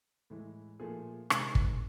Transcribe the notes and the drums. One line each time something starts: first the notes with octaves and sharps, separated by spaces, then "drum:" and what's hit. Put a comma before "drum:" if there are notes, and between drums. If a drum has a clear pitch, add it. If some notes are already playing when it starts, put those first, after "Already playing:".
A2 E3 G#3
A#2 F3 A3 G#4
C3 D#3 G#3, drum: rim click
drum: kick